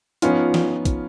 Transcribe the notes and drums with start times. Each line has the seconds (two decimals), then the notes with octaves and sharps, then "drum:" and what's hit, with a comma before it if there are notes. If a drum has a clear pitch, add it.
0.22 F3 B3 C#4 D#4 F4, drum: hi-hat
0.54 drum: snare
0.85 drum: kick, hi-hat